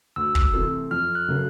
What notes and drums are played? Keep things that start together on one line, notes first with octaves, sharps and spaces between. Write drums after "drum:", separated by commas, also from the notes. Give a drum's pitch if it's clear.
D2 E6
drum: kick
C3 E3 A3 C4
F2 F6
F#6
C#3 F#3 A3